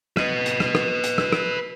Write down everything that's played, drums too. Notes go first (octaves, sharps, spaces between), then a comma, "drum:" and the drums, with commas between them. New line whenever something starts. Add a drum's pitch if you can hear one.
B4 D#5, drum: rim click
drum: hi-hat
drum: rim click
drum: rim click
drum: hi-hat
drum: rim click
drum: rim click